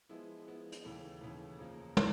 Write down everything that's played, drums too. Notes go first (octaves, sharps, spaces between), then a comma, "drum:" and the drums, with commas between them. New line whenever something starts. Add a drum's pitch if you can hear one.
F3 G#3 B3 E4
F3 G#3 B3 E4
drum: hi-hat
D#2 C#3 E3 A3
D#2 C#3 E3 A3
F2 C#3 F3 A#3
C#3 F3, drum: tom